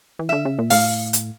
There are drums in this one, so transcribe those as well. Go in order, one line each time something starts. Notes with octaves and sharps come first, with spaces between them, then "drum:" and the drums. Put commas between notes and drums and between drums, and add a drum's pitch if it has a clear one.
E3
D3 E5
C#3
A#2
A2 F5, drum: open hi-hat
drum: hi-hat